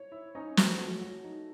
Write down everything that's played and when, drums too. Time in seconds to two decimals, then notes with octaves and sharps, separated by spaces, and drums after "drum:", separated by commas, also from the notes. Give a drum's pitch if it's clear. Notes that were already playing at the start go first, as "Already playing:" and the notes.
Already playing: C#5
0.12 E4
0.35 C#4 D#4
0.57 F#4, drum: snare
0.79 A3 F#4
1.02 F#4
1.24 D#4